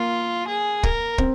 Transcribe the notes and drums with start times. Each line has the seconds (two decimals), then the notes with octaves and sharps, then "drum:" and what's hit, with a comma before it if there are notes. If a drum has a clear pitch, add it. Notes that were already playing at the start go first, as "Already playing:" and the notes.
Already playing: A#3 F4
0.48 G#4
0.83 A#4, drum: kick
1.18 C4, drum: kick